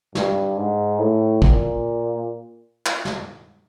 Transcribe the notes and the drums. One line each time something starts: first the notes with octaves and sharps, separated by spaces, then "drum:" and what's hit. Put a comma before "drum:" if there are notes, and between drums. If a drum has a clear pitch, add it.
G2, drum: snare
G#2
A2
A#2, drum: kick
drum: clap
drum: snare